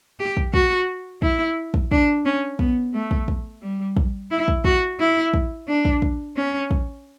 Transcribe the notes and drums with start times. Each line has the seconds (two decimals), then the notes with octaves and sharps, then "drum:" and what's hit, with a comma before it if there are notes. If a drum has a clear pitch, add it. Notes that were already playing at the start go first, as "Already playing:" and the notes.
0.19 G4
0.37 drum: kick
0.54 F#4, drum: kick
1.22 E4, drum: kick
1.74 drum: kick
1.92 D4, drum: kick
2.25 C#4
2.59 B3, drum: kick
2.94 A3
3.11 drum: kick
3.28 drum: kick
3.62 G3
3.97 drum: kick
4.31 E4
4.48 drum: kick
4.64 F#4, drum: kick
5.00 E4
5.34 drum: kick
5.68 D4
5.85 drum: kick
6.02 drum: kick
6.37 C#4
6.71 drum: kick